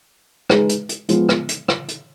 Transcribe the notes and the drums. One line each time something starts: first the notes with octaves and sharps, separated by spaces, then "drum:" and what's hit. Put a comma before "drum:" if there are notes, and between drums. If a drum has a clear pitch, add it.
G#3 D#4 G#4 B4, drum: rim click
drum: hi-hat
drum: hi-hat
F3 G#3 B3 F4 B4, drum: hi-hat
drum: rim click
drum: hi-hat
drum: rim click
drum: hi-hat